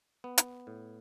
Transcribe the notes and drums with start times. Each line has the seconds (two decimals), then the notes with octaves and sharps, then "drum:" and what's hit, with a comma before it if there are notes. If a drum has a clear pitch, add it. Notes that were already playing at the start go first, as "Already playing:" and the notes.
0.24 B3
0.38 drum: hi-hat
0.67 A2